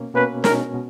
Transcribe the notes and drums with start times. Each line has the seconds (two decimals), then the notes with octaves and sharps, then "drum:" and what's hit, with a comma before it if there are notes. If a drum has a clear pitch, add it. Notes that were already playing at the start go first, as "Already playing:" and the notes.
Already playing: B2 A#3 C#4
0.14 B2 A#3 C#4 B4
0.44 B2 G#3 C#4 A#4, drum: snare
0.74 B2